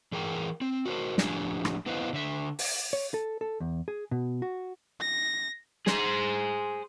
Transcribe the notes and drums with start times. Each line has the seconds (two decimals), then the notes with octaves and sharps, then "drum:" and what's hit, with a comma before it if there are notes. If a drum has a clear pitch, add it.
0.12 E3 G#4 A#4 G5
0.61 C4
0.85 F#4 A#4 C5
1.18 A2 F3 D4 G4 G#5, drum: snare
1.65 drum: rim click
1.86 B3 E4 B4 C5 D#5 F5
2.13 D3 E5
2.59 drum: open hi-hat
2.93 C#5
3.14 A4
3.41 A4
3.60 E2
3.88 G#4
4.11 B2
4.42 F#4
5.01 A#6
5.87 G#4 C5, drum: snare